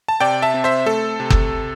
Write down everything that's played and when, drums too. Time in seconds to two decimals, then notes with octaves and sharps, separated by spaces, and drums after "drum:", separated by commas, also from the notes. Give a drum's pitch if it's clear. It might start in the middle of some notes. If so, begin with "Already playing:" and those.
0.09 A5
0.20 C3 D5 G5
0.42 E5 A5
0.54 C4
0.64 C5 E5
0.86 A3 A4
1.20 C3
1.31 drum: kick F#1